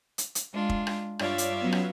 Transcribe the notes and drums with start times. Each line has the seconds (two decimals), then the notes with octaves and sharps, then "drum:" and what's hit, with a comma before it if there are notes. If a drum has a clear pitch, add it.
0.18 drum: hi-hat
0.35 drum: hi-hat
0.52 G#3 D4 F4
0.69 drum: kick F1
0.87 drum: rim click
1.19 G2 F4 C#5 D5 E5 F5, drum: rim click
1.38 drum: hi-hat
1.60 F#3 B3 C#4
1.72 drum: rim click